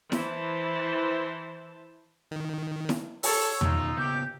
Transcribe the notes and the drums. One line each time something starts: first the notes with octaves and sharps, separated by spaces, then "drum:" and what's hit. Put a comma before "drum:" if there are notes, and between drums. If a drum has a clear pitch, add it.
E3 C5 A5, drum: snare E4
D#3
drum: snare E4
A4 C#5 E6, drum: open hi-hat
B2 D#3 D#4 F4 G4, drum: tom E2
C#3 A#3 B3 G4 G6